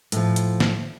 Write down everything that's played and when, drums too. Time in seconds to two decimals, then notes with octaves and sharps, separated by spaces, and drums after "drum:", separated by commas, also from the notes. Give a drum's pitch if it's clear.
0.12 A2 F3, drum: hi-hat
0.36 drum: hi-hat
0.60 drum: snare